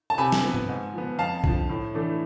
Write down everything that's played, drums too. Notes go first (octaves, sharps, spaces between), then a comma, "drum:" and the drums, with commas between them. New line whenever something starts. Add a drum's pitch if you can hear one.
A5
C3 G#5 B5
drum: snare
F3 B3
drum: tom G#2
G#2
F3 B3
F2 F5 A5
D3 F3, drum: kick B1
A2
E3 A3 D4